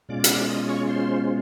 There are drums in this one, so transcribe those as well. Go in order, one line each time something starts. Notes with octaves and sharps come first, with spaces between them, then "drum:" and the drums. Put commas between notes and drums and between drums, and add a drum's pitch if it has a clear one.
B2 G#3 C#4 F4 D5 D6
D#6, drum: hi-hat
D5 D6
D#5 D#6
C#5 C#6
C5 C6